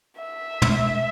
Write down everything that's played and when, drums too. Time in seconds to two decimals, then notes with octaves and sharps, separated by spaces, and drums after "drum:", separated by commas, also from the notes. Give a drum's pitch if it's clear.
0.21 E5
0.62 drum: tom